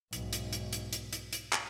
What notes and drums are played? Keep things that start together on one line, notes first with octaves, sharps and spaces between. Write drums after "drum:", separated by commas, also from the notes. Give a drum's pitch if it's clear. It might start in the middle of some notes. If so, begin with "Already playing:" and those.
B1 G#2, drum: hi-hat
drum: hi-hat
drum: hi-hat
drum: hi-hat
drum: hi-hat
drum: hi-hat
drum: hi-hat
drum: clap